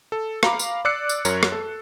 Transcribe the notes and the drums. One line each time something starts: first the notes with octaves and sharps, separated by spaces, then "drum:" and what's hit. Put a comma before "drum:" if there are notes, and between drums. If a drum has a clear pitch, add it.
A4
F5 A#5 B5 D6, drum: rim click
drum: tambourine
D5 D6 E6 F#6 C7 C#7
drum: tambourine
F#2 F#3 A#4 C#5, drum: tambourine
drum: rim click
A4